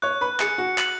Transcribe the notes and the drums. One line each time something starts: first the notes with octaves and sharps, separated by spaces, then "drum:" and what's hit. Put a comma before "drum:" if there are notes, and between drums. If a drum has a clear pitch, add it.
C#5 C#6 F#6
B4 B5
G#4 G#5 C#7, drum: clap
F#4 F#5
F#7, drum: clap